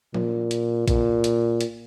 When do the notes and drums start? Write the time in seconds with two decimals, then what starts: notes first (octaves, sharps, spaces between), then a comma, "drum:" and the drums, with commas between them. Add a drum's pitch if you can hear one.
0.14 A#2, drum: tom F3
0.51 drum: hi-hat
0.88 A#2, drum: kick A#1, hi-hat
1.24 drum: hi-hat
1.61 drum: hi-hat